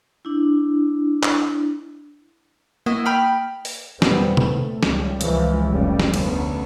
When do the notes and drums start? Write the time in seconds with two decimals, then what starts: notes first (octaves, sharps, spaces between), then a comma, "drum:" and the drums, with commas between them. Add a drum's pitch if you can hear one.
0.25 D4 E4
1.23 drum: clap
2.86 A#3 E4 F#4 D#5
3.05 G5 B5 F6
3.65 drum: open hi-hat
4.02 E2 A#2 G3 B3 C4, drum: snare
4.37 A3, drum: tom C3
4.83 C#2 G3, drum: snare
5.21 C#2 E3 F3 G#3, drum: hi-hat
5.69 F1 C#2 C#3 F3 G3
6.00 drum: snare
6.14 D2 B3 C#4, drum: cymbal